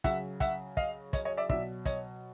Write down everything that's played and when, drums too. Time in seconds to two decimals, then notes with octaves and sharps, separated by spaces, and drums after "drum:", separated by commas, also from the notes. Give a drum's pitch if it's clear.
0.04 C#3 F#3 E5 F#5, drum: kick, hi-hat
0.40 E5 F#5, drum: kick, hi-hat
0.77 D#5 F5, drum: kick
1.13 C#5 D#5, drum: kick, hi-hat
1.25 C#5 D#5
1.37 D5 E5
1.49 B2 F#3 D5 E5, drum: kick
1.85 C#5 D#5, drum: kick, hi-hat